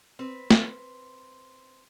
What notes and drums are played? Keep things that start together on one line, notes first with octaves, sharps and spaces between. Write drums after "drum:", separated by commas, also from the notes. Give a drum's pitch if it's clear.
C4 B4
drum: snare